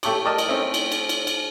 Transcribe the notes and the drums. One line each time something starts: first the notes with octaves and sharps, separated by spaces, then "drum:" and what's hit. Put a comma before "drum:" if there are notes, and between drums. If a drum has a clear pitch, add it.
A3 G4 A4 C#5 D6, drum: cymbal
G4 A#4 D5 D#5 A5
drum: cymbal
A3 C4 C#4 D#4
drum: cymbal
drum: cymbal
drum: cymbal
drum: cymbal